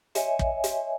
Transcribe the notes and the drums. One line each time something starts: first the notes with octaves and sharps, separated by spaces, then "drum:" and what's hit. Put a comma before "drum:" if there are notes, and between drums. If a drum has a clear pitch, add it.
C#5 D#5 E5 G#5, drum: hi-hat
drum: kick
drum: hi-hat